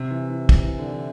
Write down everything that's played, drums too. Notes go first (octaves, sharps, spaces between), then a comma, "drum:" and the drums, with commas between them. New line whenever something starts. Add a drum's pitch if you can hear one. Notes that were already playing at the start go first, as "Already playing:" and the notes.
Already playing: C3
E3
E3
drum: kick, cymbal
E3
D3
E3